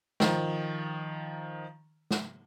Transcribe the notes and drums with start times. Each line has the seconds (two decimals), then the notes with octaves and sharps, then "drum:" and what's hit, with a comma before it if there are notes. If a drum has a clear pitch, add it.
0.20 D#3 F3, drum: snare
2.11 drum: snare